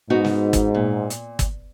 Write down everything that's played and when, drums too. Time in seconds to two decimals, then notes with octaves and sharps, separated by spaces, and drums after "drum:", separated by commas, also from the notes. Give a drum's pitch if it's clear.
0.10 G#2 B3 D#4 F#4
0.24 drum: snare
0.53 drum: kick G1, hi-hat
0.75 A#2
1.10 drum: hi-hat
1.39 drum: kick G1, hi-hat